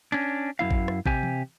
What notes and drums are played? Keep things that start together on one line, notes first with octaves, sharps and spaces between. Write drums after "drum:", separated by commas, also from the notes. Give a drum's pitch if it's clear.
C#4 D4
F#2 G3 E4 F5
drum: kick A1
drum: rim click
C3 G4 G#5, drum: kick A1
drum: tom E3